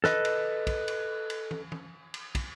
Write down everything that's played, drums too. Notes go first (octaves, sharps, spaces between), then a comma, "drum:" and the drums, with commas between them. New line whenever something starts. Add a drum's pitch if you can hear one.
A4 B4 D#5, drum: snare
drum: cymbal
drum: kick, cymbal
drum: cymbal
drum: cymbal
drum: tom
drum: tom
drum: cymbal
drum: kick, cymbal